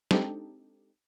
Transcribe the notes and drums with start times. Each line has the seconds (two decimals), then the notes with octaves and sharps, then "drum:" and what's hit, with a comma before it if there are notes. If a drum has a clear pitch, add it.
0.11 G#3 C4 D4 D#4 G4 A4, drum: snare